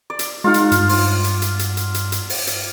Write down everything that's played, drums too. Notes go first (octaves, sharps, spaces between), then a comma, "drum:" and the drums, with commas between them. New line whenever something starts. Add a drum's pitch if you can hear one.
D5
drum: hi-hat
G#3 D#4 F4 F5 F#5
drum: hi-hat
G2, drum: hi-hat
drum: open hi-hat
drum: hi-hat
drum: hi-hat
drum: hi-hat
drum: hi-hat
drum: hi-hat
drum: hi-hat
drum: open hi-hat
drum: hi-hat